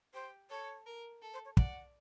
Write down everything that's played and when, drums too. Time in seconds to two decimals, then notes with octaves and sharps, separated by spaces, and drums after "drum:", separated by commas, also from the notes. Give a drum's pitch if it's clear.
0.14 G4 C5
0.50 A4 C#5
0.86 A#4
1.22 A4
1.34 C5
1.45 C#5
1.57 D5 F#5, drum: kick